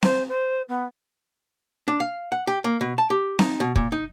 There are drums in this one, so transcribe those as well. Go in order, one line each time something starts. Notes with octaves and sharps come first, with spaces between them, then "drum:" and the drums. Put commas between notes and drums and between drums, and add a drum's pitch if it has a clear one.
C5, drum: snare C4
C5
B3
D4
F5
F#5
G4
A#3
B2
A5
G4
D#4, drum: snare C4
B2
A#2, drum: kick
D#4